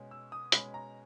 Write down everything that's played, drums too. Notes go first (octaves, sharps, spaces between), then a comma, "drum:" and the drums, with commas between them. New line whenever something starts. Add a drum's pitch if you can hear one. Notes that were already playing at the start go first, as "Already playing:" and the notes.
Already playing: B2 G#3 C#4
E6
D#6
B2 G#3 C#4 B5, drum: hi-hat
A#5